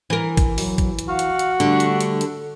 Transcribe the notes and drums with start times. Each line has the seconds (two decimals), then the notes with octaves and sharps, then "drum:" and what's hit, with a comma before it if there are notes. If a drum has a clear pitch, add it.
0.10 E3 A#4
0.37 drum: kick, hi-hat
0.58 F#3, drum: open hi-hat
0.78 drum: kick, hi-hat
0.99 drum: hi-hat
1.09 F#4 F5
1.19 drum: hi-hat
1.39 drum: hi-hat
1.60 D3 G3 A3 A4, drum: hi-hat
1.80 drum: hi-hat
2.01 drum: hi-hat
2.21 drum: hi-hat